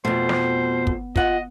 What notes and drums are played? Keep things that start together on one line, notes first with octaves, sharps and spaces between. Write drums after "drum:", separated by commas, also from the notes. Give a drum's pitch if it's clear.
F2 B2 A3 C5
drum: snare
drum: kick
F4 D#5 F#5, drum: kick